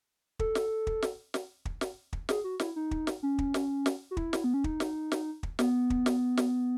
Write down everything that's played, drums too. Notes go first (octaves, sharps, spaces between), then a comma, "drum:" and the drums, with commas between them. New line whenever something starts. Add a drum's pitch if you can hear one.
A4, drum: kick
drum: snare
drum: kick
drum: snare
drum: snare
drum: kick
drum: snare
drum: kick
G#4, drum: snare
F#4
E4, drum: snare
D#4
drum: kick
drum: snare
C#4
drum: kick
drum: snare
drum: snare
F#4
E4, drum: kick
drum: snare
B3
C#4
D#4, drum: kick
drum: snare
drum: snare
drum: kick
B3, drum: snare
drum: kick
drum: snare
drum: snare